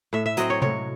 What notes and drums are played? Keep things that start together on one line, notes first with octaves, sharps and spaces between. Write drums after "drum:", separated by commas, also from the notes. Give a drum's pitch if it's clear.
A2 E5
E5
F#3 C4 D#5, drum: hi-hat
C#5
A2 C#5, drum: tom C3